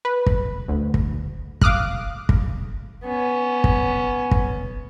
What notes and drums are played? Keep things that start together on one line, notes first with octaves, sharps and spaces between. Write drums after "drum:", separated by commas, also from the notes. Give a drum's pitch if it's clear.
B4
drum: kick
D2
drum: kick
F5 D6 D#6 F6 F#6, drum: kick
drum: kick
B3 C#4
drum: kick
drum: kick